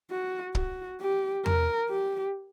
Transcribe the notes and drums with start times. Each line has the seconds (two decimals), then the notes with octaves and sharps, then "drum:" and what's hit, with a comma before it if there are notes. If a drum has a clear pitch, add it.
0.11 F#4
0.55 F#4, drum: kick
1.00 G4
1.46 A#4, drum: tom E2
1.90 G4